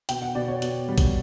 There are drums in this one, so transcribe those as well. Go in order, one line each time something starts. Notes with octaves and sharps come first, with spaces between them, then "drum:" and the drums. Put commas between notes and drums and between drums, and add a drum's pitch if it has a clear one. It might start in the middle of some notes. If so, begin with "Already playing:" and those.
B2 G5, drum: hi-hat
F#5
B2 D5
C#5
B2, drum: hi-hat
G3
drum: kick, hi-hat